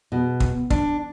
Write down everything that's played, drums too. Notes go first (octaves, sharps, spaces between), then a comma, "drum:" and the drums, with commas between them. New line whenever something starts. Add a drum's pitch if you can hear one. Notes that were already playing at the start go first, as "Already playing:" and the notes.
B2
drum: kick
D4, drum: kick